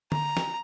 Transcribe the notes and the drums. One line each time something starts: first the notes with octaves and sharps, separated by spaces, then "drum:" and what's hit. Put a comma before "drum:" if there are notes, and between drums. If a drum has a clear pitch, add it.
A#5, drum: tom D3
drum: snare